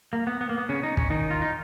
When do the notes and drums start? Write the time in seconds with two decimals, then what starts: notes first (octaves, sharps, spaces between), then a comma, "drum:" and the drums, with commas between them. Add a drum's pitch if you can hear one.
0.13 A#3
0.27 B3
0.41 B3
0.49 A#3
0.58 B3
0.69 C#3 C#4
0.83 D#4
0.97 C#4, drum: kick
1.10 D#3 D#4
1.30 F4
1.42 D#4